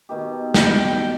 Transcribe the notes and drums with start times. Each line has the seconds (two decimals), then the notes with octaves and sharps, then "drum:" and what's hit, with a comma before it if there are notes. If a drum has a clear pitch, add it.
0.09 B2 D#3 G4
0.54 G5, drum: snare